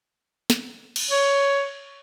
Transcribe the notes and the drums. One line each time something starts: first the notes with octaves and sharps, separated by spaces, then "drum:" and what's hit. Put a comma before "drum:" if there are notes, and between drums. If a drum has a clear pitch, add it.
drum: snare
drum: cymbal
C#5